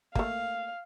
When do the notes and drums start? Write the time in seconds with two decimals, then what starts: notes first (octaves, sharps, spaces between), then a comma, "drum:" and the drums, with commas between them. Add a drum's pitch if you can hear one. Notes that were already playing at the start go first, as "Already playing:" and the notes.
0.15 A3 A#3 F5, drum: kick